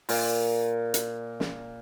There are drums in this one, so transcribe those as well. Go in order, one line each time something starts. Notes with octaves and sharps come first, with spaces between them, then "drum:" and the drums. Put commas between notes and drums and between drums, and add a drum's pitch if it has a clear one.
A#2, drum: open hi-hat
drum: hi-hat
drum: snare